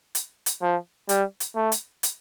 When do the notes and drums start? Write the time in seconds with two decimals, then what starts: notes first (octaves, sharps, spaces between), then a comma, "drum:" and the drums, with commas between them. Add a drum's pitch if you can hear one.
0.15 drum: hi-hat
0.46 drum: hi-hat
0.62 F3
1.09 G3, drum: hi-hat
1.40 drum: hi-hat
1.56 A3
1.72 drum: hi-hat
2.03 drum: hi-hat